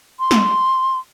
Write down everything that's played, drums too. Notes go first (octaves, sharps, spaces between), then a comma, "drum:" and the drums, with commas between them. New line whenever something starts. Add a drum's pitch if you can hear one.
C6
drum: snare